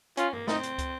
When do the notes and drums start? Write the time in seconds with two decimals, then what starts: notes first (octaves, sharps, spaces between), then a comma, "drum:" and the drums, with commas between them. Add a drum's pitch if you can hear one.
0.17 C#4 F4, drum: hi-hat
0.33 A#3, drum: tom G2
0.47 C4 D#4, drum: snare
0.63 drum: hi-hat
0.78 drum: kick, hi-hat